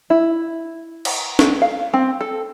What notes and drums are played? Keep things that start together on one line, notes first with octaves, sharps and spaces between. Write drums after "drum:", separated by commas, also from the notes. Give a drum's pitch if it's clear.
E4
drum: cymbal
drum: snare
F5
C4
A4